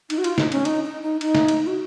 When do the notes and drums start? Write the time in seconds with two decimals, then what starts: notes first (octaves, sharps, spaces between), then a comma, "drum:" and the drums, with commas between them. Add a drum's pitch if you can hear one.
0.10 D#4, drum: cymbal
0.18 F#4
0.24 F4, drum: cymbal
0.38 D#4, drum: snare
0.52 C#4, drum: cymbal
0.65 D#4, drum: cymbal
0.84 D#4
1.02 D#4
1.21 D#4, drum: cymbal
1.35 drum: snare
1.48 drum: cymbal
1.67 F#4